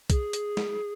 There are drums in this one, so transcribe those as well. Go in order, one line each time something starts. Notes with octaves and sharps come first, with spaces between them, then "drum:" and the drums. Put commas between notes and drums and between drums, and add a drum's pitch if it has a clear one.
G#4, drum: kick, hi-hat
drum: hi-hat
drum: snare